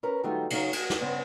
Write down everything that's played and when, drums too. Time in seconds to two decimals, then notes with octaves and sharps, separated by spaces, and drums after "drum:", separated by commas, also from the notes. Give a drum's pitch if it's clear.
0.03 C#4 A#4 B4 A#5
0.23 D#3 F#3 G3 A3 D#4 F4
0.50 C#3 F#3 D#4 C#5 F5, drum: cymbal
0.73 F#4, drum: cymbal
0.90 drum: snare
1.00 G2 C#3 B3 C5 F#5